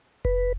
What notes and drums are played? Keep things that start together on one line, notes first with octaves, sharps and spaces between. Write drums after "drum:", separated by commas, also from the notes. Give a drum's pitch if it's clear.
B4, drum: kick F1